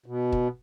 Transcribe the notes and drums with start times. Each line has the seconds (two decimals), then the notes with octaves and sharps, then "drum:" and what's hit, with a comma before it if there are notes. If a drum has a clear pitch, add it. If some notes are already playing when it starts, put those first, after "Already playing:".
0.06 B2
0.32 drum: kick